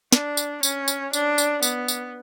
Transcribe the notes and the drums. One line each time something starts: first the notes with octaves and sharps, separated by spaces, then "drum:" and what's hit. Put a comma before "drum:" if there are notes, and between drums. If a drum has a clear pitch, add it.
D4, drum: snare
drum: tambourine
C#4, drum: tambourine
drum: tambourine
D4, drum: tambourine
drum: tambourine
B3, drum: tambourine
drum: tambourine